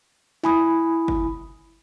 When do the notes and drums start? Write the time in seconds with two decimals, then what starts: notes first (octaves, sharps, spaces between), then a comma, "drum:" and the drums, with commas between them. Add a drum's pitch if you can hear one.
0.44 E4 G#5 B5 D#6, drum: snare
1.08 drum: kick